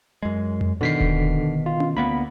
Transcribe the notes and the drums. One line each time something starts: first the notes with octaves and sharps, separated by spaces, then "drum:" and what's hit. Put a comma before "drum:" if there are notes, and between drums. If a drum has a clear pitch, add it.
F#2 G#3
drum: tom F2
B2 D3 D#3 B6 C7
drum: kick D#1
F4
drum: tom C#4
D2 A#3 B3 B5